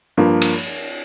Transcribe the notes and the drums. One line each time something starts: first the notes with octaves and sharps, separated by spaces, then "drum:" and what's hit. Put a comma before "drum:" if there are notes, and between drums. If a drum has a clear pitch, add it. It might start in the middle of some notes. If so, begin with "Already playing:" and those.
G2 F3 A#3
drum: cymbal